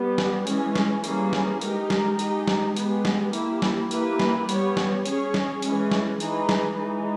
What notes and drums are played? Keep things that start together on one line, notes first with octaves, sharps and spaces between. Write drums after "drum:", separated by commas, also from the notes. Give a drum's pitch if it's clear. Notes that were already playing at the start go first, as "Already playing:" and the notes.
Already playing: G3 B3 G4
drum: snare
E3 G#3 C#4, drum: hi-hat
drum: snare
E3 G3 A#3 C#4 G#4, drum: hi-hat
drum: snare
G#3 D#4 G4 A#4, drum: hi-hat
drum: snare
G#3 D#4 G4, drum: hi-hat
drum: snare
G#3 B3 G4, drum: hi-hat
drum: snare
A#3 E4 G4, drum: hi-hat
drum: snare
A#3 E4 G4 B4, drum: hi-hat
drum: snare
G3 B3 G4 C#5, drum: hi-hat
drum: snare
C#4 G#4 C#5, drum: hi-hat
drum: snare
E3 G#3 C#4, drum: hi-hat
drum: snare
E3 G#3 D#4 G#4 B4, drum: hi-hat
drum: snare
E3 G#3 D#4